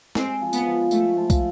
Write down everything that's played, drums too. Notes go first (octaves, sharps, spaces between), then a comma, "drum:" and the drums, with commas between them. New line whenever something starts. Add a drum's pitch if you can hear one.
G#3 C4, drum: snare
F3
B3, drum: tambourine
F3
A3 E4, drum: tambourine
F3
drum: kick, tambourine